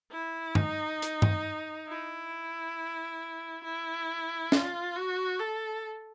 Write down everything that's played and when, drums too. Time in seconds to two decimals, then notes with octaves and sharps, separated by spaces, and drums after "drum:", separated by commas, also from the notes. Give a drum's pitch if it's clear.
0.12 E4
0.55 D#4, drum: tom G2
1.02 drum: hi-hat
1.22 drum: tom G2
1.88 E4
3.64 E4
4.52 F4, drum: snare
4.96 F#4
5.40 A4